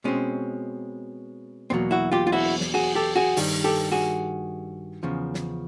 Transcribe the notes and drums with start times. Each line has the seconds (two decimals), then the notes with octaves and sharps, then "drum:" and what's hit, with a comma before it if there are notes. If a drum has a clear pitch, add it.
0.04 B2 G#3 C4 C#4
1.70 E2 B2 F#3 A#3 C4
1.91 E4 F#4
2.12 F4 G4
2.27 F4
2.32 E4 F#4, drum: cymbal
2.61 drum: snare
2.74 F#4 G#4
2.95 G4 A4
3.16 F#4 G#4
3.37 G2 D#3 G3, drum: open hi-hat
3.64 G4 A4
3.92 F#4 G#4
5.03 E2 C#3 F3
5.34 drum: snare